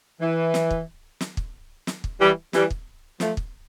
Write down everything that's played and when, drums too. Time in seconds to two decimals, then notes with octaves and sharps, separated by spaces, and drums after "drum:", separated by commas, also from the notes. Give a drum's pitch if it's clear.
0.20 E3
0.54 drum: snare
0.71 drum: kick
1.21 drum: snare
1.37 drum: kick
1.87 drum: snare
2.04 drum: kick
2.20 E3 G3
2.53 E3 G3, drum: snare
2.70 drum: kick
3.20 F3 A3, drum: snare
3.37 drum: kick